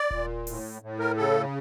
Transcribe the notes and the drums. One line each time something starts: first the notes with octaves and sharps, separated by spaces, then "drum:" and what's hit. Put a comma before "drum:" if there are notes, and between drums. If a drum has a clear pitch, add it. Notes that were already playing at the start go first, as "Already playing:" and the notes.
Already playing: D5
A#2, drum: kick D#1
A2, drum: open hi-hat
A2
A#4
C#3 A4